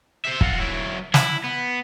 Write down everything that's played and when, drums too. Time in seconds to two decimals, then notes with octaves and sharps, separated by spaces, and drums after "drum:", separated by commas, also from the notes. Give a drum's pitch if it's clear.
0.25 C5 E5
0.41 F4 F#4, drum: kick
0.60 F#3 E4
1.14 E4, drum: snare
1.44 B3